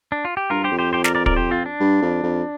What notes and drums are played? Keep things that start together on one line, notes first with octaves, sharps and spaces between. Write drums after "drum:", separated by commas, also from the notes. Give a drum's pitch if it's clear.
D4
F4
G4
G2 F4 A#4
G4 C5
F2
G4 C5
G4 C5
A#4 D5, drum: snare
A#4 D5
A#4 D5, drum: kick
G4 C5
C4 F4
D4
G2
F2
F2